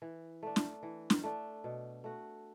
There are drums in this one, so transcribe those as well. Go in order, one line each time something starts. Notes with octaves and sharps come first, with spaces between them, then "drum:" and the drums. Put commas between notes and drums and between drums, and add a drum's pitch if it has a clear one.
E3
A3 D4
drum: snare
E3
drum: snare
A3 D4
B2
A3 F#4